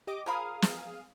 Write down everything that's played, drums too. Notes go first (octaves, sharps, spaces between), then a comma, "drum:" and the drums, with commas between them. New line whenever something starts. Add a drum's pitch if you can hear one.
G4 D#5 D6
F3 G#4 A#4 F5 B5 D#6
drum: snare